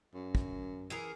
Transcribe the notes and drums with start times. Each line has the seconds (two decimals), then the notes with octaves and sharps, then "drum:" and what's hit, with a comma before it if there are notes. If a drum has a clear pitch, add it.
0.14 F#2
0.35 drum: kick
0.90 E3 G#4 A#4